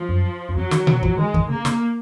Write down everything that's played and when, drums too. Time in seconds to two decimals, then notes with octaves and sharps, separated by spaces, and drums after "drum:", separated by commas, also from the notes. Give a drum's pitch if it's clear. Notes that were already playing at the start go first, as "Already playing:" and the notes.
Already playing: F3
0.09 F#2
0.49 F#2
0.56 F2 F#3
0.71 D#3, drum: snare
0.87 D#3, drum: tom A#2
1.03 F3, drum: kick
1.18 D#3 G#3
1.34 D#3, drum: kick
1.49 C#3 A#3
1.65 C#3, drum: snare